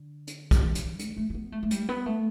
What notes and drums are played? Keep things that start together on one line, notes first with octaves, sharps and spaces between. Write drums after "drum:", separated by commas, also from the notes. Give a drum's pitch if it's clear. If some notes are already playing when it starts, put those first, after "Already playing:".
Already playing: D3
drum: hi-hat
drum: kick, hi-hat
drum: hi-hat
A3, drum: hi-hat
A3
A3
B3
A3
A3
G3, drum: hi-hat
B3
A3